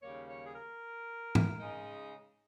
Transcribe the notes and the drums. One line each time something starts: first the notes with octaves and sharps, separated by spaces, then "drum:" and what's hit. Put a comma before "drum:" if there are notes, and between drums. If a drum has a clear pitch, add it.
D#2 C#3 G3 A#3 C#5
C#5
G#4
A#4
drum: tom G#2
C#3 G#3 D#4